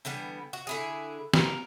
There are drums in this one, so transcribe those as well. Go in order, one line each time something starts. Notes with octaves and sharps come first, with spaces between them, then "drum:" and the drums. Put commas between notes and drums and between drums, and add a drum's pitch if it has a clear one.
D3 E3 G3 B3
F#4
D3 E4 G#4
A#4, drum: snare